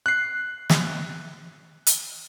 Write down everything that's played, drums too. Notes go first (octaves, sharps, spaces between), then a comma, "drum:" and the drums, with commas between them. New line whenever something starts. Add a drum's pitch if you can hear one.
F#6 C7
drum: snare
drum: hi-hat